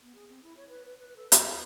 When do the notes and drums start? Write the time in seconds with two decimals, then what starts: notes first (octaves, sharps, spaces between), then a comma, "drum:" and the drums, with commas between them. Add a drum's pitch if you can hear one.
0.01 B3
0.15 G#4
0.29 C4
0.43 E4
0.57 C#5
0.69 B4
0.85 B4
0.98 B4
1.16 A4
1.32 F#4, drum: hi-hat
1.46 G#4